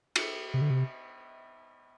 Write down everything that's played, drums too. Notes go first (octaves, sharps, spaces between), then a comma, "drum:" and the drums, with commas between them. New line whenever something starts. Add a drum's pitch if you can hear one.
drum: cymbal
C3
D3
C3